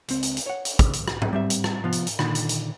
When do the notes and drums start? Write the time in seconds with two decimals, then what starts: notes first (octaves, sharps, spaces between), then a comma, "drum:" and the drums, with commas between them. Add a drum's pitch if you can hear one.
0.08 C#2 C4, drum: hi-hat
0.23 drum: hi-hat
0.37 drum: hi-hat
0.46 C#5 F#5
0.65 drum: hi-hat
0.79 drum: kick, hi-hat
0.93 drum: hi-hat
1.08 drum: rim click
1.22 drum: tom G#2
1.33 G3 C4 E5
1.50 drum: hi-hat
1.64 drum: rim click
1.83 C3 F3 B3 F4
1.92 drum: hi-hat
2.07 drum: hi-hat
2.19 A#2 D3 D#3, drum: rim click
2.35 drum: hi-hat
2.49 drum: hi-hat